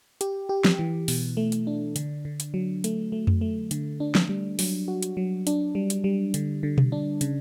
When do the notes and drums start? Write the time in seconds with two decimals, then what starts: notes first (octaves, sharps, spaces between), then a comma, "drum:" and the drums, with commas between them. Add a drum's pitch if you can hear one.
0.21 G4, drum: hi-hat
0.49 G4
0.65 drum: snare
0.79 E3
1.08 B2, drum: open hi-hat
1.37 A3
1.52 drum: hi-hat
1.67 D4
1.96 D3, drum: hi-hat
2.25 D3
2.40 drum: hi-hat
2.54 F#3
2.84 A3, drum: hi-hat
3.12 A3
3.27 drum: tom F2
3.41 A3
3.71 D3, drum: hi-hat
4.00 D4
4.15 drum: snare
4.29 G3
4.59 F#3, drum: open hi-hat
4.88 F#4
5.03 drum: hi-hat
5.17 F#3
5.47 D4, drum: hi-hat
5.75 G3
5.90 drum: hi-hat
6.04 G3
6.34 D3, drum: hi-hat
6.63 D3
6.78 drum: tom B2
6.92 D4
7.21 C#3, drum: hi-hat